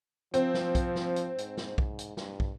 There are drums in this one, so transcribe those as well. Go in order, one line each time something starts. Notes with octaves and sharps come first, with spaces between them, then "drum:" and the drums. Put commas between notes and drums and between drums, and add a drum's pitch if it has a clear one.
F3 C4, drum: hi-hat
drum: snare
drum: kick, hi-hat
drum: snare
drum: hi-hat
G#2, drum: hi-hat
drum: snare
drum: kick
drum: hi-hat
G2, drum: snare
drum: kick